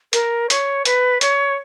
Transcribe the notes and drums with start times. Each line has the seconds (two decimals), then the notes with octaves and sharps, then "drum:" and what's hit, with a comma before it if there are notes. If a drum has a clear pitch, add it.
0.13 A#4, drum: hi-hat
0.50 C#5, drum: hi-hat
0.85 B4, drum: hi-hat
1.21 C#5, drum: hi-hat